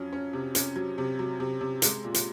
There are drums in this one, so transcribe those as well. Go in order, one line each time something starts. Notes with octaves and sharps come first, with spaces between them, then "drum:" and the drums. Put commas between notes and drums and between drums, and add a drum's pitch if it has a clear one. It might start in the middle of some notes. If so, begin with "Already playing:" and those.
Already playing: F2 F#3 C#4
C#4
C3
C#4, drum: hi-hat
F#3
C3
F#3
C3
C3
G#3, drum: hi-hat
A#2
drum: hi-hat